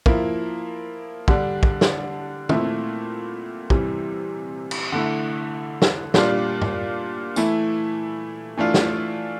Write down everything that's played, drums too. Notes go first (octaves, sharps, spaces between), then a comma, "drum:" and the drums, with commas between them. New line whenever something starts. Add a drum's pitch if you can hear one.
F3 A#3 E4, drum: kick
D3 G3 D4, drum: kick
drum: kick
drum: snare
A#2 A3 C4 E4, drum: tom
C3 E3 G3, drum: kick
drum: cymbal
D3 A3 E4
drum: snare
A#2 G3 D4 F4, drum: snare
drum: tom G2
E3 A3 E4, drum: tambourine
E3 A3 D4 F4
drum: snare